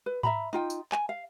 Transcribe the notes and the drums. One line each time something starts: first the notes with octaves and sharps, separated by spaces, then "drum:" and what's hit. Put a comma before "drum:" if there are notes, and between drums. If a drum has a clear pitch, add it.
B4
E5 A#5 B5, drum: tom G#2
D#4 F4 G5
drum: tambourine
G#5, drum: clap
F5